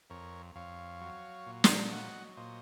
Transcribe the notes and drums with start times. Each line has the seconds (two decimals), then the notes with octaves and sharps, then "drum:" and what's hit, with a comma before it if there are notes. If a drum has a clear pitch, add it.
0.10 F2 A#4 C#5
0.55 F2 C#5 F5
1.01 F#3
1.46 A#2
1.64 A#5, drum: snare
1.78 A5
1.92 F#3 D#5 F#5
2.37 A#2 C5 D#5